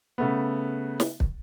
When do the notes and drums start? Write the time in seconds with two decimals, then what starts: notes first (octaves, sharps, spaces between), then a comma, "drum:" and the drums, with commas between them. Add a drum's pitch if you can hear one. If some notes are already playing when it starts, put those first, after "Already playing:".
0.18 C#3 A3 B3
1.00 drum: snare
1.20 drum: kick